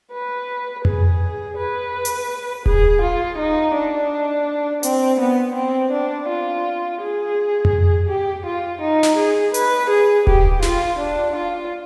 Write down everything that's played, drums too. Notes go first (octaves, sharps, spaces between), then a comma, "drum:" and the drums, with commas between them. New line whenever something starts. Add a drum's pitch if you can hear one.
B4
G#4, drum: tom F2
B4
drum: hi-hat
G#4, drum: kick D#1
F4
D#4
D4
C4, drum: hi-hat
B3
C4
D4
F4
G#4
drum: tom F2
G4
F4
D#4
drum: snare
G#4
B4, drum: hi-hat
G#4
G4, drum: kick D#1
F4, drum: snare
D4
F4